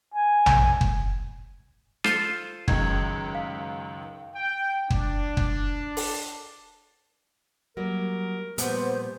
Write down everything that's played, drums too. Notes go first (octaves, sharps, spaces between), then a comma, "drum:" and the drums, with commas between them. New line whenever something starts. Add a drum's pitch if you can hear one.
G#5
drum: tom A#1
drum: kick
F4 A4 C5, drum: rim click
C#2 F#2 D#3 G#6, drum: kick
F5
G5
D4, drum: kick
drum: kick
drum: open hi-hat
F#3 G3 A#3 A#4
A#2 F3 G3 B3 C5, drum: hi-hat